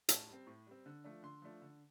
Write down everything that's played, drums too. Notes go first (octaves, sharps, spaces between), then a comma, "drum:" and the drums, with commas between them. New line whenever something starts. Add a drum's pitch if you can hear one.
A2 A5, drum: hi-hat
G3 C4
A2
G3 C4
D3
F3 A3 D4
D3 C6
F3 A3 D4
D3